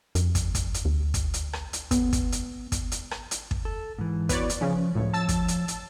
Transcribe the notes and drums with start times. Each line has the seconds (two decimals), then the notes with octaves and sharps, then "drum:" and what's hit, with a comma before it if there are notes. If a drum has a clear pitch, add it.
0.15 F2, drum: hi-hat
0.35 drum: kick, hi-hat
0.55 drum: kick, hi-hat
0.74 drum: hi-hat
0.85 D2
1.14 drum: kick, hi-hat
1.34 drum: hi-hat
1.53 drum: rim click
1.73 drum: hi-hat
1.91 B3, drum: kick, hi-hat
2.13 drum: kick, hi-hat
2.32 drum: hi-hat
2.72 drum: kick, hi-hat
2.92 drum: hi-hat
3.11 drum: rim click
3.31 drum: hi-hat
3.51 drum: kick
3.65 A4
3.98 G#2 E3
4.29 B3 E4 F#4 B4 C#5 D5, drum: kick, hi-hat
4.50 drum: hi-hat
4.61 C#3 F3 C#4
4.95 C#2 A2 F3 C#5
5.13 A5 E6 A6
5.29 drum: kick, hi-hat
5.48 drum: hi-hat
5.68 drum: hi-hat